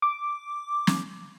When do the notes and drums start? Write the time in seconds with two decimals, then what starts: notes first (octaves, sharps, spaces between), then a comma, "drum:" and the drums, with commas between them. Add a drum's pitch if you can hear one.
0.02 D6
0.87 drum: snare